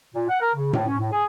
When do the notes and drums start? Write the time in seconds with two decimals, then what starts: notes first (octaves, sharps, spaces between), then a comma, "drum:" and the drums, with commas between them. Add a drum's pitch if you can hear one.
0.14 A#2
0.29 F#5
0.41 A#4
0.55 C#3
0.73 A2, drum: tom A2
0.87 C#4
0.99 A2
1.12 G#4